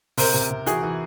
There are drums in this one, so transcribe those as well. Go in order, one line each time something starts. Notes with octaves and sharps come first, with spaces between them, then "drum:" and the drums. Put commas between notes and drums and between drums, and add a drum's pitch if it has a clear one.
C3 A#4 C5, drum: open hi-hat
C3
C3
E3 F#4 G#4, drum: hi-hat
E3